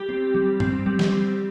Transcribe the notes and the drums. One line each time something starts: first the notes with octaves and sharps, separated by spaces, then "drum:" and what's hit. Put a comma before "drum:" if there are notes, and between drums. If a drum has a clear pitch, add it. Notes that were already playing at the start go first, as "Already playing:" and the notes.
Already playing: G3 G4
C4
G3
C4, drum: tom
G3
drum: snare
C4